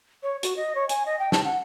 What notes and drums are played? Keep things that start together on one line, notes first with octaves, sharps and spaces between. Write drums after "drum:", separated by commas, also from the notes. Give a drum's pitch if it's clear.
C#5
F#4, drum: hi-hat
D#5
C#5
G#5, drum: hi-hat
D#5
G5
A5, drum: snare
F#5